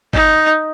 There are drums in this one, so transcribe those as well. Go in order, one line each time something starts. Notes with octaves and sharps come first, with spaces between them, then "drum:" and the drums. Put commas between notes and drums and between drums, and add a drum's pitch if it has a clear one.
D#4, drum: kick G1